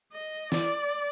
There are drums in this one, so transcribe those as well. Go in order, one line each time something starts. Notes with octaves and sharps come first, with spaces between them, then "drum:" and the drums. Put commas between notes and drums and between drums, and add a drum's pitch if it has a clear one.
D#5
D5, drum: snare